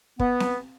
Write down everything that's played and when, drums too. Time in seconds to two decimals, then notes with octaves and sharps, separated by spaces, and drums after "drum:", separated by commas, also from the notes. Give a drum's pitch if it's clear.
0.19 B3, drum: kick
0.40 drum: snare C4